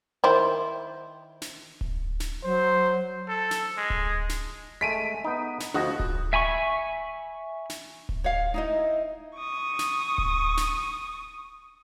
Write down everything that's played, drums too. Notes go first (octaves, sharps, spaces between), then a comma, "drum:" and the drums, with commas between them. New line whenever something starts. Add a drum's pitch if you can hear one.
D#3 E4 C5
drum: snare
drum: kick D1
drum: snare
F#3 C5
A4
drum: snare
G#3
drum: kick D1
drum: snare
G#3 A3 B6 D7 D#7
B3 D#4
drum: snare
D2 F3 F#4 D#5
drum: kick D1
E5 G#5 B5 C#6
drum: snare
drum: kick D1
C#5 F5
D#4 E4 D#5
C#6 D#6
drum: snare
drum: kick D1
drum: snare